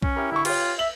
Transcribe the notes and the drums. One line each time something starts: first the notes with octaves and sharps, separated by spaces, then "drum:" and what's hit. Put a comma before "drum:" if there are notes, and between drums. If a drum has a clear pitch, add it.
C#4, drum: kick B1
E4 G4 A#4
D3 E4 C#6
F4 G4 C#5, drum: cymbal
E5 F#7